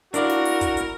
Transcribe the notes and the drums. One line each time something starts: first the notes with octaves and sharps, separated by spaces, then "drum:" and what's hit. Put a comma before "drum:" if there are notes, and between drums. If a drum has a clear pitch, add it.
D4 E4 F#4 A#4 D5 F5, drum: hi-hat
drum: snare
drum: open hi-hat
drum: kick, hi-hat
drum: hi-hat